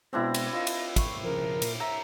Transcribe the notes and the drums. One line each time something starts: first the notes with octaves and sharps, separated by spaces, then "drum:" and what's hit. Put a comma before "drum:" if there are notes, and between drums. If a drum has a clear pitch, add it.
B2 G#3 B3 C4 D4 E4 A#6
drum: cymbal
F4 D#5 F5
drum: cymbal
C#6, drum: kick, cymbal
C#3 F3 A#4
A#2, drum: cymbal
E5 A#5 E6